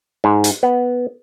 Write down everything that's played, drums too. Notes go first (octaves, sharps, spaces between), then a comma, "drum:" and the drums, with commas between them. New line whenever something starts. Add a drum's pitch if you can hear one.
G#2
drum: hi-hat
B3